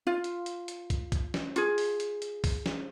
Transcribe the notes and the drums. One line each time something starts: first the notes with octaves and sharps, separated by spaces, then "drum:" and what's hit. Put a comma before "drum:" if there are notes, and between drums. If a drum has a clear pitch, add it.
F4
drum: hi-hat
drum: hi-hat
drum: hi-hat
drum: kick, hi-hat
drum: kick, hi-hat
drum: snare
F4 G#4, drum: hi-hat
drum: open hi-hat
drum: hi-hat
drum: hi-hat
drum: kick, open hi-hat
drum: snare